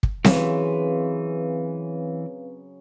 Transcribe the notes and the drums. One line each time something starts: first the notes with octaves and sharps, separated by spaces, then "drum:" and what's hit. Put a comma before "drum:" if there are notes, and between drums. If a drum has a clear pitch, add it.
drum: kick
C#3 E3 F#3 C4 B4 F5 C6, drum: snare C4